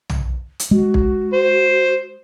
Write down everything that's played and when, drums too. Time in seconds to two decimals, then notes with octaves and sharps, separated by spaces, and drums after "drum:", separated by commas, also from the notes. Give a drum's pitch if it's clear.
0.09 drum: tom
0.59 drum: hi-hat
0.71 G#3 F#4
0.94 drum: kick
1.33 C5